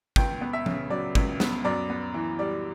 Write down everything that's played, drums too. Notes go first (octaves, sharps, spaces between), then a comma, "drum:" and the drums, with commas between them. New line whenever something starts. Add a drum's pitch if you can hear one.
C#2 G5, drum: kick
B3
E5
C#3, drum: tom F3
F#3 D5
C#2, drum: kick
B3, drum: snare
F#2 D5
B3
E3
G3 D5